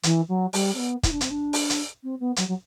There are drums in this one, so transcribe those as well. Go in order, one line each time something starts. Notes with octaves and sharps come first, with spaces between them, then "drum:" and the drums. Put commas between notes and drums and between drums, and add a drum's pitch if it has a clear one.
E3, drum: hi-hat
F#3
G3, drum: open hi-hat
C4
B3
E4, drum: kick, hi-hat
D4
C4, drum: hi-hat
D4
drum: open hi-hat
drum: hi-hat
C4
B3
F#3, drum: hi-hat
F#3